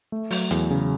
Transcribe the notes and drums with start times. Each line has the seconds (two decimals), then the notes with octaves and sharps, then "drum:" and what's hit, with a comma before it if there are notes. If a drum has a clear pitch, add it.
0.12 A3
0.31 F#3, drum: open hi-hat
0.51 E2, drum: hi-hat
0.71 C#3